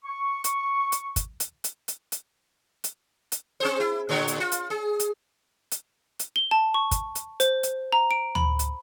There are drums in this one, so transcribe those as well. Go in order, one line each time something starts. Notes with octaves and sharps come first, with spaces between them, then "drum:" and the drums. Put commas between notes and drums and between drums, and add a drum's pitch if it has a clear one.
C#6
drum: hi-hat
drum: hi-hat
drum: kick, hi-hat
drum: hi-hat
drum: hi-hat
drum: hi-hat
drum: hi-hat
drum: hi-hat
drum: hi-hat
C4 G#4 C5
E4
A2 D3 C#5
drum: hi-hat
F4
drum: hi-hat
G#4
drum: hi-hat
drum: hi-hat
drum: hi-hat
G7
A5
C#6
drum: kick, hi-hat
drum: hi-hat
C5, drum: hi-hat
drum: hi-hat
A#5
D7
B5, drum: tom D2
drum: hi-hat